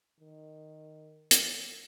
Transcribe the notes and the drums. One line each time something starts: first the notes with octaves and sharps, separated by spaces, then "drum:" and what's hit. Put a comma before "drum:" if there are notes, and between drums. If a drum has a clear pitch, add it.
D#3
drum: hi-hat